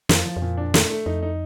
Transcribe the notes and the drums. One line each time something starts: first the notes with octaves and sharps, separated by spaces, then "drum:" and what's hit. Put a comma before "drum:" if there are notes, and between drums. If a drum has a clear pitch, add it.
F2 F3, drum: snare
F3
F2
A#2
D4
A3, drum: snare
A3
F2 D#4
D#4